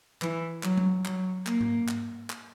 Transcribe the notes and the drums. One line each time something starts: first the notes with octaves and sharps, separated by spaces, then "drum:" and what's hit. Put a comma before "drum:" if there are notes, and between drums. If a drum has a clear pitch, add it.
E3, drum: clap
F#3, drum: clap
drum: tom F#3
F#3, drum: clap
A#3, drum: clap
drum: tom G#2
drum: clap
drum: clap